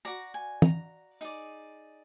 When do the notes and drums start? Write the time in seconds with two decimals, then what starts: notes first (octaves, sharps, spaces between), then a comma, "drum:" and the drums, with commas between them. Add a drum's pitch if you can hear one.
0.05 F#4 D5 A#5
0.34 G#5
0.62 A#5, drum: tom
1.21 D#4 G#4 D5